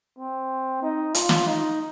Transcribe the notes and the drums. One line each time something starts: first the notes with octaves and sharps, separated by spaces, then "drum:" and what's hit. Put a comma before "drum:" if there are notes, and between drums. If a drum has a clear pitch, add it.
C4
D#4
F4, drum: hi-hat
drum: snare
D#4